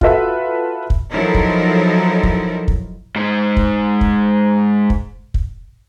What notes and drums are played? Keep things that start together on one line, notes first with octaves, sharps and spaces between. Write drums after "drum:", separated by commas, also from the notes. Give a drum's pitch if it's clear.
F4 F#4 A4 B4 E5, drum: kick
drum: kick
F3 F#3 D#4 E4 A4 A#4
drum: kick
drum: kick
drum: kick
G#2 G#3
drum: kick
drum: kick
drum: kick
drum: kick